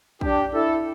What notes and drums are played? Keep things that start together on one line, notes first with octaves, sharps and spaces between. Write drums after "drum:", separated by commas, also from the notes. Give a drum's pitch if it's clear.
D4 G4, drum: kick A#1
E4 A4